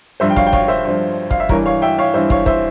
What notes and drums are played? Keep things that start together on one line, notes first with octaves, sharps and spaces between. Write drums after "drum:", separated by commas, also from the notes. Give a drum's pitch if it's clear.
G2 F3 C5 E5
G5
C#5 F5, drum: kick
G5
C#5 F5, drum: kick
C5 E5
G2 F3
F5, drum: kick
E5
G2 E3 A#4 C#5, drum: kick
C#5 F5
E5 G5
C#5 F5
G2 E3 C5 E5
C#5 F5, drum: kick
C5 E5, drum: kick